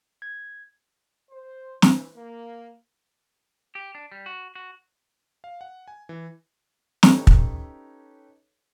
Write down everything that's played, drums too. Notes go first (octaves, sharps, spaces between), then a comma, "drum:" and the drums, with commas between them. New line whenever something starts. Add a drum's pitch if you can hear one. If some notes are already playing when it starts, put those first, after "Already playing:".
G#6
C5
E3, drum: snare
A#3
G4
D4
G3
F#4
F#4
F5
F#5
G#5
E3
C#4 D#4 G4 A4 B4 C#5, drum: snare
drum: kick